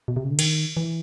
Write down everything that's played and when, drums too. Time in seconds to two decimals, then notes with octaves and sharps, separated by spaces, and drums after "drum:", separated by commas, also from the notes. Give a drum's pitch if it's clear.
0.08 B2
0.16 C3
0.24 C#3
0.31 D3
0.39 D#3, drum: cymbal
0.77 E3